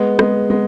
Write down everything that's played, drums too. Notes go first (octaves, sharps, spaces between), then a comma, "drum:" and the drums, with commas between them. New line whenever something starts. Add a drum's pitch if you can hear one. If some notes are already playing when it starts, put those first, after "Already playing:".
Already playing: G#3 B3
G#3 B3, drum: rim click
G#3 B3